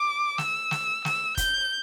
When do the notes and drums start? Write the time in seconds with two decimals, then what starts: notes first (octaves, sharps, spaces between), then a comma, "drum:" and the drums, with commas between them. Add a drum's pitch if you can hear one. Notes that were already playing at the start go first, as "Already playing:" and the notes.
Already playing: D6
0.38 E6, drum: snare
0.71 drum: snare
1.05 E6, drum: snare
1.37 G6, drum: kick, hi-hat